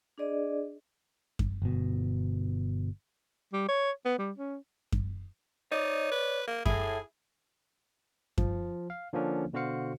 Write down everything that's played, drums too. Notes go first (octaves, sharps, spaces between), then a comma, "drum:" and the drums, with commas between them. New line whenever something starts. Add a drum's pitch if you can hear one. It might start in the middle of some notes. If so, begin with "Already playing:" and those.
D4 G#4 D5 D#5
drum: kick F#2
G1 B2
G3
C#5
B3
G3
C#4
drum: kick F#2
D#4 C#5 D5
B4
A#3
E4 G#4 A4, drum: kick F#2
F3, drum: kick F#2
F5
D3 F3 A#3 C#4 D4
B2 D3 F#4 C5 F5 C#7